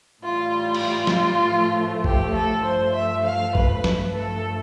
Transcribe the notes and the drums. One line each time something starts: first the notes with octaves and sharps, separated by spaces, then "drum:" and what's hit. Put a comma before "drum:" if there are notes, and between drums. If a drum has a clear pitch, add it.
A2 E3 G3 F4
drum: cymbal
F4
drum: snare
A2 F3 A3
G4, drum: kick A1
A4
G2 F3 A3 C5
E5
F5
B4, drum: kick A1
G2 F3 A3 B4, drum: snare
A4